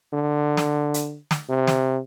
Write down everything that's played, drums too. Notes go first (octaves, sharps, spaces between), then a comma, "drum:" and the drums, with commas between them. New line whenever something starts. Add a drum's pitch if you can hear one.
D3
drum: snare
drum: hi-hat
drum: snare
C3
drum: snare